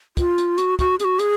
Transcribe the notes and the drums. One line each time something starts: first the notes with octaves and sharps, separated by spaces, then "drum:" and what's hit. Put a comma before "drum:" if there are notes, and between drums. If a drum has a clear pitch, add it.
F4, drum: kick, hi-hat
drum: hi-hat
F#4, drum: hi-hat
F#4, drum: kick, hi-hat
G#4, drum: hi-hat
F#4
G#4, drum: hi-hat